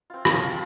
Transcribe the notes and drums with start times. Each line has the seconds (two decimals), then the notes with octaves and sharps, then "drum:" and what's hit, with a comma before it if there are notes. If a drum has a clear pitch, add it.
0.10 C4 F4
0.25 F3, drum: rim click
0.41 C4 F4